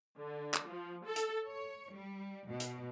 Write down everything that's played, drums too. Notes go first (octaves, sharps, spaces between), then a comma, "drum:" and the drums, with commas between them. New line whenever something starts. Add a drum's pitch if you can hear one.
D3
drum: clap
F3
A4
drum: hi-hat
C#5
G3
B2
drum: hi-hat